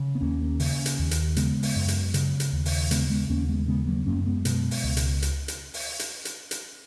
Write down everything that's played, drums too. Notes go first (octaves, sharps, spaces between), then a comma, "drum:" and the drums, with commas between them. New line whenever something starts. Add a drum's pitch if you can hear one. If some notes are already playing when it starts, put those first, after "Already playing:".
Already playing: C#3
B3
D#2 A#3 C#4
C#3, drum: open hi-hat
drum: hi-hat
D#2
drum: hi-hat
C#3 G#3 B3, drum: hi-hat
drum: open hi-hat
F#2
drum: hi-hat
C#3, drum: hi-hat
drum: hi-hat
D#2
drum: open hi-hat
C#3 G#3 B3, drum: hi-hat
G#3 B3
D#2 A#3 C#4
G#3 B3
C#3 G#3 B3
F#3 A#3
F#2 A#3 C#4
G#3 B3
B2, drum: hi-hat
drum: open hi-hat
C#2
drum: hi-hat
drum: hi-hat
drum: hi-hat
drum: open hi-hat
drum: hi-hat
drum: hi-hat
drum: hi-hat